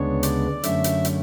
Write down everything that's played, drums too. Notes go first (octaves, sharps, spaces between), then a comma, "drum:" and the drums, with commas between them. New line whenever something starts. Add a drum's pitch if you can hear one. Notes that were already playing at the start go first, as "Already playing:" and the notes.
Already playing: D2 C#3 G#3 B3 D4 C#5
D5, drum: hi-hat
F#2 D3 A3 C#4 E5, drum: hi-hat
drum: hi-hat
drum: hi-hat